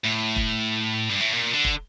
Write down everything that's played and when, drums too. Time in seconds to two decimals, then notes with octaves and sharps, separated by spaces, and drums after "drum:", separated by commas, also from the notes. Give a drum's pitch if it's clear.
0.04 A2
0.36 drum: kick E1
1.09 G2
1.20 A2
1.33 A#2
1.54 D3
1.64 drum: kick E1